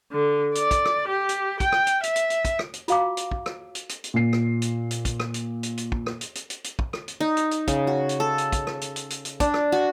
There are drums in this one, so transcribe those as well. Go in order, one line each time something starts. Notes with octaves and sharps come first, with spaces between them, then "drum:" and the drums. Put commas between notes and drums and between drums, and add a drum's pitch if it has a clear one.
D3
D5, drum: hi-hat
drum: kick, hi-hat
drum: rim click
G4
drum: hi-hat
G5, drum: kick, hi-hat
drum: rim click
drum: hi-hat
E5, drum: hi-hat
drum: hi-hat
drum: hi-hat
drum: kick, hi-hat
drum: rim click
drum: hi-hat
F4 F#4 F5 A#5 D6, drum: hi-hat
drum: hi-hat
drum: kick
drum: rim click
drum: hi-hat
drum: hi-hat
drum: hi-hat
A#2 C7
drum: rim click
drum: hi-hat
drum: hi-hat
drum: kick, hi-hat
drum: rim click
drum: hi-hat
drum: hi-hat
drum: hi-hat
drum: kick
drum: rim click
drum: hi-hat
drum: hi-hat
drum: hi-hat
drum: hi-hat
drum: kick
drum: rim click
drum: hi-hat
D#4
drum: hi-hat
drum: hi-hat
C#3, drum: kick, hi-hat
F#4
drum: hi-hat
A4
drum: hi-hat
drum: kick, hi-hat
drum: rim click
drum: hi-hat
drum: hi-hat
drum: hi-hat
drum: hi-hat
D4, drum: kick, hi-hat
drum: rim click
F#4